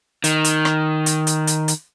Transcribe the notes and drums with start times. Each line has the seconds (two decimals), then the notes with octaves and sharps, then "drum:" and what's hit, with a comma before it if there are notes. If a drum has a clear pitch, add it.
0.24 D#3, drum: hi-hat
0.44 drum: hi-hat
0.65 drum: rim click
1.06 drum: hi-hat
1.27 drum: hi-hat
1.47 drum: hi-hat
1.68 drum: hi-hat